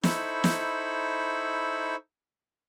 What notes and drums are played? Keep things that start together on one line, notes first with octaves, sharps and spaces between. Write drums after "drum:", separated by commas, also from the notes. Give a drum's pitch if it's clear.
D#4 E4 A4 C5 B5 C#6, drum: snare
drum: snare